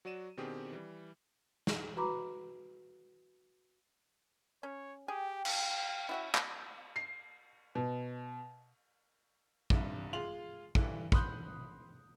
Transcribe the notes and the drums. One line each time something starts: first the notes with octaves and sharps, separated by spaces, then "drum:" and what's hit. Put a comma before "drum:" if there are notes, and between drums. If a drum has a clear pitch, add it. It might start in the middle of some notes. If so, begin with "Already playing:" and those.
F#3 F#4 D5 D#7 E7
B2 D#3 C4 D4 G4 G#4
E3 G3
drum: snare
F#4 B4 A#5 B5 D6
C#4 C#5
G4 G#4 G5
F5, drum: cymbal
C#4 E4 F#4 E5
drum: clap
C7
B2
C2 G2, drum: kick
G#3 F4 C6 F7 F#7
G2 D3 E3, drum: kick
B5 C6 D#6 F#6 G6, drum: kick